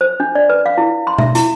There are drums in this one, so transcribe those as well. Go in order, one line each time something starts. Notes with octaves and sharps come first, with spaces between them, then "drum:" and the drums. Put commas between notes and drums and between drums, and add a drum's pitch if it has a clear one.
C5
D4
D5
B4
F5
E4
C6
E5, drum: tom B2
E4, drum: hi-hat